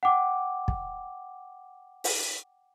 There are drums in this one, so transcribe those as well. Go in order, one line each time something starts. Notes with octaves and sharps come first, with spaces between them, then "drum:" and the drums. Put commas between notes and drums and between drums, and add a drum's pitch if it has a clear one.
F#5 G5 D6
drum: kick
drum: open hi-hat